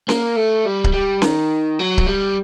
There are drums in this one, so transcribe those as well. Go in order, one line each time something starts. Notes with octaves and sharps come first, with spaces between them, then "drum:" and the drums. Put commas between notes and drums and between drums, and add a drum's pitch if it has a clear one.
A#3, drum: snare C#4
A3
G3
drum: kick C#1
G3
D#3, drum: snare C#4
F#3
drum: kick C#1
G3